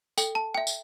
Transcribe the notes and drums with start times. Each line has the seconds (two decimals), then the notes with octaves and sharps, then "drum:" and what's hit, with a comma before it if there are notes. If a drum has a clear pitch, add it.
0.18 A4 G5, drum: tambourine
0.35 A5
0.54 E5 G5
0.67 drum: tambourine